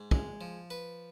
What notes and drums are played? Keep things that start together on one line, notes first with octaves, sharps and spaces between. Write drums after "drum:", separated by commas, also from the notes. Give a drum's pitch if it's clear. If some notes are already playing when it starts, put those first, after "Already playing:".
Already playing: G#2
G#3, drum: kick
F3
B4